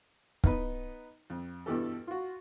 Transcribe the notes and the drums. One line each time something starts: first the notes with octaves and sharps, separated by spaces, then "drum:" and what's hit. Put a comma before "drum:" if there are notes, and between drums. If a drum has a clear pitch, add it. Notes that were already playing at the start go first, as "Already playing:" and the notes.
B3 D#4 B4, drum: kick
F2
G2 B2 E3 G4 A4
F4 F#4